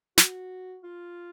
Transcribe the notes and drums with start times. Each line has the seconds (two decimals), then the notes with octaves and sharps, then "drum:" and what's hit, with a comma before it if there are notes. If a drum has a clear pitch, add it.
0.18 F#4, drum: snare
0.84 F4